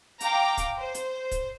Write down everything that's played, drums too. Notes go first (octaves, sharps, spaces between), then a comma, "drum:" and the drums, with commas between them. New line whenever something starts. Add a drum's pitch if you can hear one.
F5 G5 A#5 D6, drum: hi-hat
drum: kick, hi-hat
C5
drum: hi-hat
drum: kick, hi-hat